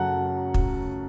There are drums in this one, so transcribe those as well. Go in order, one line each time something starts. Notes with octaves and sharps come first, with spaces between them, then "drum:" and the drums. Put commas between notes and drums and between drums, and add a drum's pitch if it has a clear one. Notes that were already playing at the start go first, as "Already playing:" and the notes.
Already playing: F#2 C#3 F#3 A3 F#5 A5
drum: kick